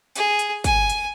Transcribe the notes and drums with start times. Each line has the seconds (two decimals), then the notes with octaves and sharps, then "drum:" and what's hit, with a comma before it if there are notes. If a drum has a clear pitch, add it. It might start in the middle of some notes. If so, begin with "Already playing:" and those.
0.16 G#4, drum: hi-hat
0.39 drum: hi-hat
0.64 G#5, drum: kick, hi-hat
0.90 drum: hi-hat